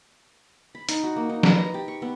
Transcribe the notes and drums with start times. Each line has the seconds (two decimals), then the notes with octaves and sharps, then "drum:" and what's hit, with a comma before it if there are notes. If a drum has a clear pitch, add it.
0.75 B5
0.89 D#4, drum: hi-hat
1.04 F#4
1.16 A#3
1.30 D#4
1.43 B4, drum: snare
1.58 A#5
1.74 G4
1.88 C#6
2.02 B3